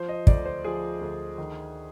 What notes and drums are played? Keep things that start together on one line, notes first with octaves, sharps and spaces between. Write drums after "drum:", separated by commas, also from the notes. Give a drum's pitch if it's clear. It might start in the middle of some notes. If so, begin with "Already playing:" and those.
Already playing: F3 C5
D#5
D2 D5, drum: kick
C5
F3 G#4
D2
D#3